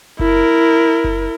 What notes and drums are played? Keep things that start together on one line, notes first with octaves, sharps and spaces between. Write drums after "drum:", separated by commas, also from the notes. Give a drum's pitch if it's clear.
E4 A#4, drum: kick F#1
drum: kick F#1